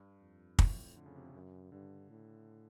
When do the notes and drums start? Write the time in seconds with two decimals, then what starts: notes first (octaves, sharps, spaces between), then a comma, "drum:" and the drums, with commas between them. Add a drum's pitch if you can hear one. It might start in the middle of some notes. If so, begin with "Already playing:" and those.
Already playing: G2
0.20 F2
0.59 A2, drum: kick
0.96 D3
1.06 C#3
1.16 C3
1.26 C#3
1.34 F#2
1.72 G2 D3
2.10 A2